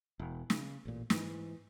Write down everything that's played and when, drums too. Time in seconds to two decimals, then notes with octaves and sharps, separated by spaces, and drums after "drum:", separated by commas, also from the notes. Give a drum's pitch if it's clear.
0.20 E1
0.50 C#3, drum: snare
0.85 A1 A#2
1.10 G#2 E3, drum: snare